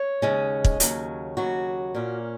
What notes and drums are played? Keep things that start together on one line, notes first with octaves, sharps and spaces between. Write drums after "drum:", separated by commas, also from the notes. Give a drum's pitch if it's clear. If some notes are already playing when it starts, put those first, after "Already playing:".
Already playing: C#5
D#2 C#3 G#3 C#4
drum: kick
D#2 C#3 F#3, drum: hi-hat
D#2 C#3 F#3 F#4
A#2 A#3 C#4